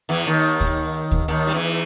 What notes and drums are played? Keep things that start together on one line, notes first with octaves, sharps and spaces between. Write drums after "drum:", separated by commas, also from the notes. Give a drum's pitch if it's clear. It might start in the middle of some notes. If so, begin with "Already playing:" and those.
E2 E3
D#2 D#3
drum: kick D2
drum: kick D2
D#2 D#3
G3
E2 E3